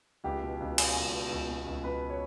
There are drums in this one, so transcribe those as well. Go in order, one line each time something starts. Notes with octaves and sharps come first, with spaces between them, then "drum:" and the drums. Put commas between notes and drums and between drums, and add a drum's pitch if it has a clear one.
C#2 G4
B2
C#2
B2, drum: cymbal
C#2
B2
C#2
B2
C#2
B2 B4
C#5